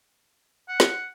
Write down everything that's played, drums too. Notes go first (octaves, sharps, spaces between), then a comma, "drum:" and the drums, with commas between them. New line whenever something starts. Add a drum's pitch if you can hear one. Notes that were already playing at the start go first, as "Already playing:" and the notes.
F#5
drum: snare